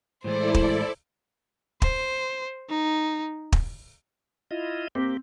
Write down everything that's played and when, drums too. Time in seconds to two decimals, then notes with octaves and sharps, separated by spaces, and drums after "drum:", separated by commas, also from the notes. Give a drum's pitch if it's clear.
0.24 A2 E3 G#3 E4 A4 C5 D5
0.54 drum: kick
1.82 C5, drum: kick
2.70 D#4
3.52 drum: kick
4.51 E4 F4 D#5
4.95 A#3 C4 G4